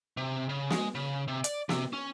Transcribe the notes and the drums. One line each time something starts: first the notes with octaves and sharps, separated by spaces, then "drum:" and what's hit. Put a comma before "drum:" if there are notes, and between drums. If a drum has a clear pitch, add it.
C3
C#3
G#3, drum: snare
C#3
C3
D5, drum: hi-hat
C3, drum: snare
C#4